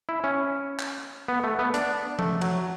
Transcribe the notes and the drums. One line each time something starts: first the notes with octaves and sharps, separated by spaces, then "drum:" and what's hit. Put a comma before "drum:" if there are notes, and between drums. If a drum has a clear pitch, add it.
E4
C#4
drum: clap
B3
A3
B3
D4, drum: hi-hat
A3, drum: tom F3
F#3, drum: cymbal